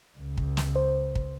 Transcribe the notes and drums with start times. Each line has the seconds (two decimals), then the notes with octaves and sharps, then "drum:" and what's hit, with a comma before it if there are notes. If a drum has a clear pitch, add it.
0.18 C#2
0.37 drum: kick
0.57 drum: snare
0.76 C5
1.15 drum: kick